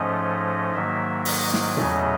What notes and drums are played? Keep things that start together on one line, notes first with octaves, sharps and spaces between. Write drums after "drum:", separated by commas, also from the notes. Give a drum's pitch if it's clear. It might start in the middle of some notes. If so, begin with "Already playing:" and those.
Already playing: G#2 F3 A3 C#4 D#5
G#2 D#3 F#3 A#3 E5
D#5, drum: open hi-hat
drum: snare
E2 C#3 F#3 A3 C#4, drum: tom A#2